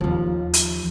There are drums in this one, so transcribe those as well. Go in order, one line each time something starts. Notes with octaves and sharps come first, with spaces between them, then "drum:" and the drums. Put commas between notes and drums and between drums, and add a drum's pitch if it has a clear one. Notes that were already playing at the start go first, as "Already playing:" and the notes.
D#2 F3
drum: hi-hat